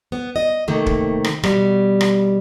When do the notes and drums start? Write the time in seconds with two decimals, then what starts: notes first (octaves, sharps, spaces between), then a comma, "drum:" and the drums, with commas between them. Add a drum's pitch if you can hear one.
0.12 B3
0.36 D#5
0.68 C3 D#3 A3 A#3
0.86 drum: kick
1.24 drum: rim click
1.43 B2 G3, drum: rim click
2.01 drum: rim click